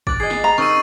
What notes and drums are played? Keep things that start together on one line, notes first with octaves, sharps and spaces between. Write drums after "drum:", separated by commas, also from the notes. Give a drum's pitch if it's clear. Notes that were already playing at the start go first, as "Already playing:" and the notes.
D6 F#6 A6, drum: kick
G#4 D#5 C7
drum: snare
A#5
C4 D#4 A#4 C#6 E6 D#7